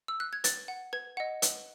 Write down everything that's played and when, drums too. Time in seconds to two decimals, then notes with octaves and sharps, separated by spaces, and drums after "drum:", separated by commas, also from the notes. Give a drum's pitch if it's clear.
0.08 E6
0.20 F#6
0.33 G#6
0.44 B4 A6, drum: hi-hat
0.68 F#5
0.93 B4 G#6
1.17 D#5 F#5
1.42 B4, drum: hi-hat